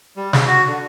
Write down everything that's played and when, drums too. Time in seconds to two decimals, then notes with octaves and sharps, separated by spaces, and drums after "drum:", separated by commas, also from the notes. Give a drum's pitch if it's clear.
0.17 G3
0.33 C#3, drum: snare
0.47 F#4
0.66 D3